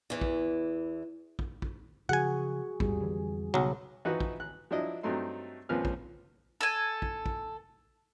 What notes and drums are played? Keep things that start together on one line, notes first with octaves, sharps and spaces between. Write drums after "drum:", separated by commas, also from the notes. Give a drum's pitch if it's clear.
E2 E3
drum: kick
drum: kick
drum: kick
C#3 F3 F#4 G#4 F#5 G#5
D#1 E2 G#2 G3 G#4, drum: kick
F2 D3 E3
B1 C#3 F#3
E3 F3 D#4 F#4 B4
drum: kick
F#6
F3 F#3 D4 E4 D#5
G2 F#3 A3 C4 D#4 C6
C#2 A#2 F3 C4 B4 F6
drum: kick
A4 G#5
drum: kick
drum: kick